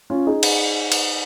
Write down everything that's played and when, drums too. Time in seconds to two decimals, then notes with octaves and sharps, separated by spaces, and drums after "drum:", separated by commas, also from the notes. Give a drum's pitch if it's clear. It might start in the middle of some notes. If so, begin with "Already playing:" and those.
0.10 C#4 F4
0.26 D#4 G#4
0.43 drum: cymbal
0.92 drum: cymbal